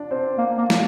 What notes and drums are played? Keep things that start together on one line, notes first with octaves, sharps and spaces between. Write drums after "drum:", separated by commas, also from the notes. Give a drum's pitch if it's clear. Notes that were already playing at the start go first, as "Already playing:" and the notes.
Already playing: D4 F4 D5
C4 C5
A#3
A#3
F3, drum: snare